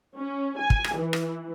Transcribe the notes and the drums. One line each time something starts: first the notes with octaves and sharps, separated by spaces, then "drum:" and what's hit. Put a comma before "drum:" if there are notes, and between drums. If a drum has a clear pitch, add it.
C#4
G#5
drum: kick
drum: rim click
E3
drum: rim click